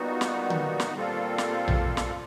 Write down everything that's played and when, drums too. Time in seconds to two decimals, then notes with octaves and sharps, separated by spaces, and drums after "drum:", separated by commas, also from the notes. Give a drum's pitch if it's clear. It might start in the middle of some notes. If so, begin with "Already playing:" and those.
Already playing: A#2 G3 B3 D#4 F#4
0.21 drum: snare
0.50 drum: tom D3
0.80 drum: snare
0.94 A#2 G3 C4 F4 A4
1.38 drum: snare
1.68 drum: tom A#1
1.97 drum: snare